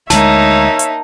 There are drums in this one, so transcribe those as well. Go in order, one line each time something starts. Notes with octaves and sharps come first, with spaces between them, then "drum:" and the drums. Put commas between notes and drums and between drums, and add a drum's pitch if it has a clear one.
D2 G#3 A#3 D#4 C#5 E5 A5, drum: snare
drum: hi-hat